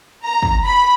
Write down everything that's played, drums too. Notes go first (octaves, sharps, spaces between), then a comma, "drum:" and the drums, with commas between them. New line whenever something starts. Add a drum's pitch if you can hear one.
A#5
drum: kick
B5